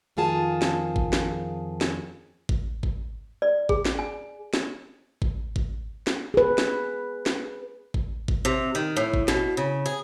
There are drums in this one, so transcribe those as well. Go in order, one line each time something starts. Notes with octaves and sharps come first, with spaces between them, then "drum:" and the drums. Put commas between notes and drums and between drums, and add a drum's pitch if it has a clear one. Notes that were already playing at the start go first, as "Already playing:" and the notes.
F2 D#3 F4 G#4 A5
drum: snare
drum: kick
drum: snare
drum: snare
drum: kick
drum: kick
D5
G#4, drum: kick
drum: snare
G#5
drum: snare
drum: kick
drum: kick
drum: snare
G#4 B4
drum: snare
drum: snare
drum: kick
drum: kick
C3
D#3
A2
drum: kick
B2, drum: snare
C#3
G#4